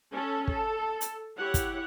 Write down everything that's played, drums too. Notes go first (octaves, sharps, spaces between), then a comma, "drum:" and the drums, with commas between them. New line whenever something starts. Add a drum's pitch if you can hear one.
C#4 A4
A4, drum: kick
drum: hi-hat
E4 G4 C#5 F#5
drum: kick, hi-hat